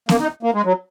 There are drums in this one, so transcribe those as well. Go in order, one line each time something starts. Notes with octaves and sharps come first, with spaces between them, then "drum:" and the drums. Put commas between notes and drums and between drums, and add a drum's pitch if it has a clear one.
A#3, drum: snare B3
D#4
A#3
G#3
F#3